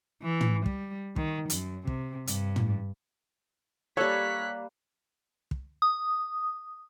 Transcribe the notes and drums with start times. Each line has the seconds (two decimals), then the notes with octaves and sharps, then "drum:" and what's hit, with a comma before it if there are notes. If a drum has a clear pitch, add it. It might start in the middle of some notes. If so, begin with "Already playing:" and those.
0.22 E3
0.41 drum: tom
0.66 G3, drum: kick
1.16 D#3, drum: kick
1.50 F#2, drum: hi-hat
1.87 C3, drum: kick
2.27 G2, drum: hi-hat
2.56 drum: tom
3.97 G3 A#3 A4 C#5 F#6 B6
5.51 drum: kick
5.82 D#6